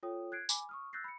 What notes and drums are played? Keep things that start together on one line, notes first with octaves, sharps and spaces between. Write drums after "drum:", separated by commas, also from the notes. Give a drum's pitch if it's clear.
F4 A4 C#5 G5 D#6
F#6 G#6 C7 D7
G#5 B5 D6, drum: tambourine
C#6 D#6 F6
E6 F#6 G6 A6 A#6 C7
B5 C#7